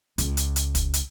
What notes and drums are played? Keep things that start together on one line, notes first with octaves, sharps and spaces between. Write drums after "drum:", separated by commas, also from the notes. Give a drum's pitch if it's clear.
C#2, drum: hi-hat
drum: hi-hat
drum: hi-hat
drum: kick, hi-hat
drum: hi-hat